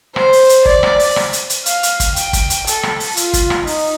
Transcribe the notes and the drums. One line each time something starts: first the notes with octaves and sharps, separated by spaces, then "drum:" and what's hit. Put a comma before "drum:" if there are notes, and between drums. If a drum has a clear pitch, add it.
C5, drum: rim click
drum: open hi-hat
drum: hi-hat
D5, drum: kick
drum: rim click
drum: open hi-hat
drum: rim click
drum: hi-hat
drum: hi-hat
F5, drum: hi-hat
drum: hi-hat
drum: kick, hi-hat
G5, drum: hi-hat
drum: kick, hi-hat
drum: hi-hat
A4, drum: hi-hat
drum: rim click
drum: open hi-hat
F4, drum: hi-hat
drum: kick, hi-hat
drum: rim click
D#4, drum: open hi-hat